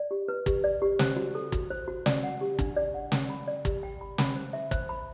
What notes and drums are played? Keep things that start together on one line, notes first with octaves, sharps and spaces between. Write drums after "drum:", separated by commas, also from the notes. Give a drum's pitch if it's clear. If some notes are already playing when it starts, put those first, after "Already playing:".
Already playing: D5
G4
B4
G4, drum: kick, hi-hat
D5
G4
C5, drum: snare
F#4
A4
F#4, drum: kick, hi-hat
C5
F#4
D5, drum: snare
F#5
G4
D4, drum: kick, hi-hat
D5
F#5
G5, drum: snare
B5
D5
G4, drum: kick, hi-hat
G5
B5
B5, drum: snare
C5
E5
C5, drum: kick, hi-hat
B5